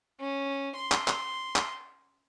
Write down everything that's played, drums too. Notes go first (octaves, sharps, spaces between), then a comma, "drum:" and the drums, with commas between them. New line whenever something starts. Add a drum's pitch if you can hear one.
C#4
C6
drum: clap
drum: clap
drum: clap